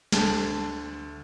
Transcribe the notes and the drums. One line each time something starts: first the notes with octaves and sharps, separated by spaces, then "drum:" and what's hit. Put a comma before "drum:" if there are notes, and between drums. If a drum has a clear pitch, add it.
D2 D3 A5, drum: snare